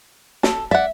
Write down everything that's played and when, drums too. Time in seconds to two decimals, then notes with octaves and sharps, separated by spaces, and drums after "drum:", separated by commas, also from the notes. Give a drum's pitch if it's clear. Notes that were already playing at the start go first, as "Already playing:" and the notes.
0.43 A4, drum: snare
0.71 D5 E5 F#5